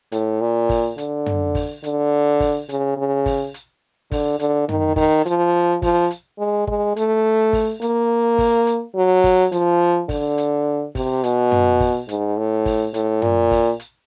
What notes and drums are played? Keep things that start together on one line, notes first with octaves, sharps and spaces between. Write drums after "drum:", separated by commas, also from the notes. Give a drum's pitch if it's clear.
A2, drum: hi-hat
A#2
drum: kick, open hi-hat
D3, drum: hi-hat
drum: tom
drum: kick, open hi-hat
D3, drum: hi-hat
drum: kick, open hi-hat
C#3, drum: hi-hat
C#3
drum: kick, open hi-hat
drum: hi-hat
D3, drum: kick, open hi-hat
D3, drum: hi-hat
D#3, drum: tom
D#3, drum: kick, open hi-hat
F3, drum: hi-hat
F3, drum: kick, open hi-hat
drum: hi-hat
G#3
G#3, drum: kick
A3, drum: hi-hat
drum: kick, open hi-hat
A#3, drum: hi-hat
drum: kick, open hi-hat
drum: hi-hat
F#3
drum: kick, open hi-hat
F3, drum: hi-hat
D3, drum: kick, open hi-hat
drum: hi-hat
C3, drum: kick, open hi-hat
B2, drum: hi-hat
drum: tom
drum: kick, open hi-hat
G#2, drum: hi-hat
A2
drum: kick, open hi-hat
A2, drum: hi-hat
A#2, drum: tom
drum: kick, open hi-hat
drum: hi-hat